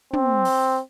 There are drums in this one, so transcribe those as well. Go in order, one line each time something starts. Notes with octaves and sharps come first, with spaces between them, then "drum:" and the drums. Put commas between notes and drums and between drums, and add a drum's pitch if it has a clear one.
C4, drum: tom
drum: open hi-hat